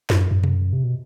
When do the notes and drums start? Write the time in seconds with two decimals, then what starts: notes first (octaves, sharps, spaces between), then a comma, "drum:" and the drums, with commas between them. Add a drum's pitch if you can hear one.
0.10 F#2, drum: snare
0.31 F#2
0.44 drum: tom B2
0.73 C3
0.84 B2